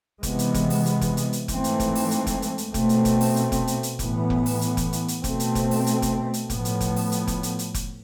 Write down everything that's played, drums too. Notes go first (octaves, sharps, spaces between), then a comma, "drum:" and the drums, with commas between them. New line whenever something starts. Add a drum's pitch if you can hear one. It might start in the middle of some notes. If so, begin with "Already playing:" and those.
C3 E3 G#3 B3, drum: kick F1, hi-hat
drum: hi-hat
drum: kick F1, hi-hat
drum: open hi-hat
drum: hi-hat
drum: kick F1, hi-hat
drum: hi-hat
drum: hi-hat
G#2 E3 A3 C4, drum: kick F1, hi-hat
drum: hi-hat
drum: kick F1, hi-hat
drum: open hi-hat
drum: hi-hat
drum: kick F1, hi-hat
drum: hi-hat
drum: hi-hat
B2 A3 C4, drum: kick F1, hi-hat
drum: hi-hat
drum: kick F1, hi-hat
drum: open hi-hat
drum: hi-hat
drum: kick F1, hi-hat
drum: hi-hat
drum: hi-hat
A2 E3 B3, drum: kick F1, hi-hat
drum: kick F1
drum: open hi-hat
drum: hi-hat
drum: kick F1, hi-hat
drum: hi-hat
drum: hi-hat
B2 A3 C4, drum: kick F1, hi-hat
drum: hi-hat
drum: kick F1, hi-hat
drum: open hi-hat
drum: hi-hat
drum: kick F1, hi-hat
drum: hi-hat
A2 F3 B3, drum: kick F1, hi-hat
drum: hi-hat
drum: kick F1, hi-hat
drum: open hi-hat
drum: hi-hat
drum: kick F1, hi-hat
drum: hi-hat
drum: hi-hat
drum: kick F1, hi-hat